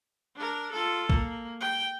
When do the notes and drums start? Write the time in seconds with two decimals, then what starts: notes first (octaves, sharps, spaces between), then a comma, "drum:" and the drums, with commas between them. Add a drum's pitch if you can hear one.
0.36 D4 A#4
0.72 F4 A4
1.10 A#3, drum: kick
1.60 G5